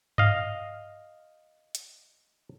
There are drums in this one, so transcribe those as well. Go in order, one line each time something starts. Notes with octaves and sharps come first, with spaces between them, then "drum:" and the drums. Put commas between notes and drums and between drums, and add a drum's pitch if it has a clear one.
D#5 F5, drum: tom G2
drum: hi-hat